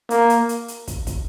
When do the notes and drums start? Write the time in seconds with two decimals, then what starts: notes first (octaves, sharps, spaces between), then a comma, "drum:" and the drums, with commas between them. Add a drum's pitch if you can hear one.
0.10 A#3, drum: hi-hat
0.30 drum: hi-hat
0.49 drum: hi-hat
0.68 drum: hi-hat
0.88 drum: kick, hi-hat
1.07 drum: kick, hi-hat